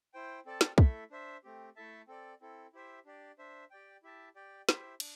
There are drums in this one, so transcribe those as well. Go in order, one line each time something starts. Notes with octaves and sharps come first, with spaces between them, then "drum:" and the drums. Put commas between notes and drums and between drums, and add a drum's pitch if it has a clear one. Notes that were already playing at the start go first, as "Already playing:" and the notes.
E4 C5 G5
C4 A4 D5 A5
drum: snare
A3 E4 A4 E5, drum: kick
D4 C5 E5
A3 C4 G4
A3 E4 A4 E5 A5
C4 A4 D5
C4 E4 A4
E4 G4 C5 E5
D4 G4 D5
D4 C5 E5
G4 D5 G5
E4 G4 E5 A5
G4 D5 G5
E4 G4 C5 E5, drum: snare
D4, drum: cymbal